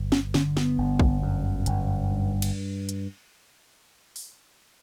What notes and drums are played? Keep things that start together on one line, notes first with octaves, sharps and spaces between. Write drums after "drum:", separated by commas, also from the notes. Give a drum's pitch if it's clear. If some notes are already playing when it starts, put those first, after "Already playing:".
Already playing: G1
C#4, drum: snare
D3 C#4, drum: snare
B3, drum: snare
G1
drum: kick
F#2
G1, drum: hi-hat
G2
drum: cymbal
drum: hi-hat
drum: open hi-hat